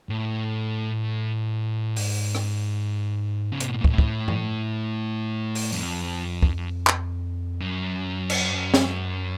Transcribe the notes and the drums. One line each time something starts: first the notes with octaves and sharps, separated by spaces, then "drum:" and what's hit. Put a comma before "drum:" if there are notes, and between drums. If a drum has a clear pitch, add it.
A2
G#2, drum: open hi-hat
drum: rim click
C#3
C3, drum: hi-hat
B2
A#2
A2, drum: kick
drum: kick
drum: tom G2
drum: open hi-hat
F2, drum: tambourine
drum: kick
drum: clap
F#2
drum: cymbal
drum: snare